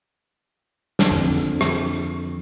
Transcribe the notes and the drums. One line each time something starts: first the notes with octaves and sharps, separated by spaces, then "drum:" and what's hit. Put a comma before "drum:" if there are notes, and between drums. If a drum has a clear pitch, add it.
drum: snare
F2 D3
drum: rim click